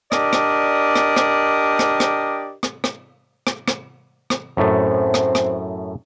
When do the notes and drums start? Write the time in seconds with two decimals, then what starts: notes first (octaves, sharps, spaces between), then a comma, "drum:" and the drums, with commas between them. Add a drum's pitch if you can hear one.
0.12 D4 G4 A#4 D5 D#5, drum: rim click
0.33 drum: rim click
0.96 drum: rim click
1.16 drum: rim click
1.79 drum: rim click
2.00 drum: rim click
2.63 drum: rim click
2.84 drum: rim click
3.47 drum: rim click
3.68 drum: rim click
4.30 drum: rim click
4.57 F#2 A2 A3 C4
5.14 drum: rim click
5.35 drum: rim click